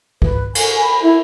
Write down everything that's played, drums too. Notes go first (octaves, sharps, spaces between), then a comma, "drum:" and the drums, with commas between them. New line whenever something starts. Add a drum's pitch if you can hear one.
B4, drum: kick
G#5, drum: cymbal
B5
E4